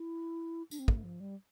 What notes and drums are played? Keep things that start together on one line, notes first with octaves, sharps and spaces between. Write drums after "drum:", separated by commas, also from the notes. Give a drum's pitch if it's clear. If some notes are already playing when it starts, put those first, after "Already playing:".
Already playing: E4
D4, drum: tambourine
C4
A#3, drum: kick
A3
F3
G3